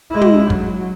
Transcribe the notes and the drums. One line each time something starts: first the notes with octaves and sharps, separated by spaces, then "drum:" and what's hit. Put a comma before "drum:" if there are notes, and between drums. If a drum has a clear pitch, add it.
G#3 E4
drum: tom
F#3, drum: kick